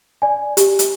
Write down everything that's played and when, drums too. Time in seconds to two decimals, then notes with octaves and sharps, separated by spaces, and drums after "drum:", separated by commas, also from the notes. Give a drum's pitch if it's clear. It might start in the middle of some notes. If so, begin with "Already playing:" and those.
0.22 D5 G#5
0.57 G4, drum: hi-hat
0.79 drum: hi-hat